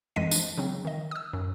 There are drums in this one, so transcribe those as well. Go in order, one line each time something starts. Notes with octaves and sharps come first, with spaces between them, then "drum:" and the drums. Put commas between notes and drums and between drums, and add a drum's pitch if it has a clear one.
F2 E3 G#3 D#5 B6 D#7
F3 D4, drum: tambourine
C#3 F#3 C4
D#3 D#5
D#6 E6
F#2